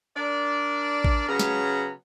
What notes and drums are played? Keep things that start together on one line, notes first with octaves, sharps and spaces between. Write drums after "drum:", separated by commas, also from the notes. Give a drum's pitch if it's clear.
D4 A#4 D5
drum: kick A1
C#3 F#3 B3 A#5
drum: snare